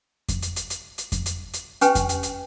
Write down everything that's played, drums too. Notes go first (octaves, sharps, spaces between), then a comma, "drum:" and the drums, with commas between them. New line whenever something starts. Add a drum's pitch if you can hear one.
drum: kick F2, hi-hat
drum: hi-hat
drum: hi-hat
drum: hi-hat
drum: hi-hat
drum: kick F2, hi-hat
drum: hi-hat
drum: hi-hat
C#4 G4 B4 G5 G#5, drum: hi-hat
drum: kick F2, hi-hat
drum: hi-hat
drum: hi-hat